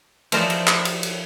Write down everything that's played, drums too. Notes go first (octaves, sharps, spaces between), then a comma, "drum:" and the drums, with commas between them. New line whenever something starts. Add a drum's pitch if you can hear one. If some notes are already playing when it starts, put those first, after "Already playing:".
E3 F3 D#4 A#4 C5 D5, drum: cymbal
drum: cymbal
drum: clap
drum: cymbal
drum: cymbal